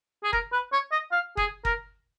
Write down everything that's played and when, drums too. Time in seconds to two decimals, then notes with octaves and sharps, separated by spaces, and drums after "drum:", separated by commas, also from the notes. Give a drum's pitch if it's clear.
0.24 G#4
0.33 A#4, drum: kick F#1
0.53 B4
0.73 C#5
0.92 D#5
1.12 F5
1.37 G#4, drum: kick F#1
1.65 A#4, drum: kick F#1